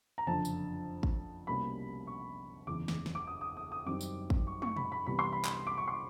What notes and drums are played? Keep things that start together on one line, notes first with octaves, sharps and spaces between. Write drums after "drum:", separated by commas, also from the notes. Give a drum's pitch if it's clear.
A#5
F#1 F2 D3 F3 A5
drum: tambourine
drum: kick
C2 B2 G3 A#3 C#4 B5
C#6
F#1 E2 C#3 E3 D6
drum: snare
drum: snare
D6
D#6
D#6
D#6
D#6
F#2 D#3 G3 C4 D6
drum: tambourine
drum: kick
C#6
C#6, drum: tom
B5, drum: tom A#2
B5
C2 C3 E3 G3 B3 B5
C6
B5
drum: clap
D6
C#6
C6